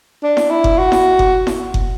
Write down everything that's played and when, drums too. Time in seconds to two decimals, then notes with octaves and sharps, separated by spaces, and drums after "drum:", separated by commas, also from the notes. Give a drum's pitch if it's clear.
0.23 D4
0.37 drum: snare E4
0.50 E4
0.64 drum: kick F#1
0.79 F#4
0.92 drum: snare E4
1.19 drum: kick F#1
1.47 drum: snare E4
1.74 drum: kick F#1